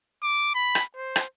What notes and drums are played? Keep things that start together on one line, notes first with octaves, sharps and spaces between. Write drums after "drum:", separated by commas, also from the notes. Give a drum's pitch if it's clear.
D6
B5
drum: rim click
C5
drum: rim click